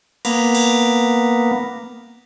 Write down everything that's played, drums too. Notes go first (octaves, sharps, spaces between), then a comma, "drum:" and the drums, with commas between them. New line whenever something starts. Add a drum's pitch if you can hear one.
A#3 B3, drum: cymbal
drum: cymbal